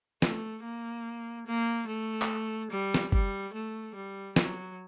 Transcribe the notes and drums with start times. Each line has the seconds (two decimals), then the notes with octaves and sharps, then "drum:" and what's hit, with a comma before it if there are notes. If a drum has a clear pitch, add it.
0.22 A3, drum: snare
0.64 A#3
1.46 A#3
1.88 A3
2.22 drum: clap
2.71 G3
2.94 drum: snare
3.12 G3, drum: kick
3.54 A3
3.95 G3
4.36 F#3, drum: snare